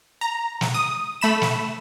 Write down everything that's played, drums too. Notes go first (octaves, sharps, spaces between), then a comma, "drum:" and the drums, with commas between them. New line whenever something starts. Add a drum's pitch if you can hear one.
A#5
drum: snare
D#6
A3 B5 E7
drum: snare